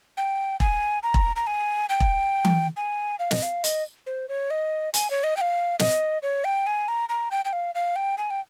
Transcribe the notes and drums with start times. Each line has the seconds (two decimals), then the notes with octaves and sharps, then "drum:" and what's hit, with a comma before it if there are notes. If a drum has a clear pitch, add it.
0.17 G5
0.60 G#5, drum: kick E1
1.03 A#5
1.14 drum: kick E1
1.36 A#5
1.47 G#5
1.89 G5
2.00 drum: kick E1
2.45 drum: tom E3
2.77 G#5
3.19 F5
3.31 D#5, drum: snare
3.43 F5
3.64 D#5, drum: hi-hat
4.07 C5
4.29 C#5
4.50 D#5
4.94 G#5, drum: hi-hat
5.11 C#5
5.24 D#5
5.37 G5
5.41 F5
5.79 D#5, drum: snare
6.23 C#5
6.45 G5
6.67 G#5
6.88 A#5
7.09 A#5
7.31 G5
7.45 G5
7.53 F5
7.75 F5
7.96 G5
8.18 G#5
8.30 G5